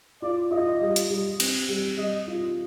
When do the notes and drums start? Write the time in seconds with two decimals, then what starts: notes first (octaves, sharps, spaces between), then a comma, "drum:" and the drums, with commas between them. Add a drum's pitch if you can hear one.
0.22 F4 D5
0.51 F4 D#5
0.81 G3
0.96 drum: hi-hat
1.10 G3
1.40 C4, drum: cymbal
1.69 G3
1.97 G3 D#5
2.27 F4